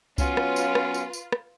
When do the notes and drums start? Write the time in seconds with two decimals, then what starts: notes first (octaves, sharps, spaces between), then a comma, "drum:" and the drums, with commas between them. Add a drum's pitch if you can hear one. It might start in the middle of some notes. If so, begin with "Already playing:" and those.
0.18 F#3 B3 C#4 F4 B4, drum: kick C2, tambourine
0.37 drum: rim click
0.56 drum: tambourine
0.75 drum: rim click
0.94 drum: tambourine
1.13 drum: tambourine
1.32 drum: rim click